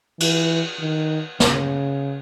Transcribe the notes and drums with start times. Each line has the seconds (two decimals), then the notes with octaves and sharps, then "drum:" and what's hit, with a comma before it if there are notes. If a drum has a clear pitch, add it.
0.20 E3, drum: cymbal
0.80 D#3
1.40 C#3, drum: snare